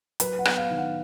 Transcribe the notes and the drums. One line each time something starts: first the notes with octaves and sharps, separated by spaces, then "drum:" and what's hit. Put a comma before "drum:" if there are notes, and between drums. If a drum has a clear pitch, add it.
F#3 B4, drum: hi-hat
F#5
B3, drum: rim click
F5
D#3
F#5